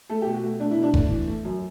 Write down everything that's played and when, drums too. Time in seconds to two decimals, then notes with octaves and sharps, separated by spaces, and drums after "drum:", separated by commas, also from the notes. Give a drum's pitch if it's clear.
0.09 A3 A4
0.22 B2 G4
0.34 F#4
0.44 A3
0.60 A3 D4
0.71 E4
0.77 B2
0.83 D4
0.94 A3, drum: kick F1
1.10 E3
1.27 A3
1.45 F#2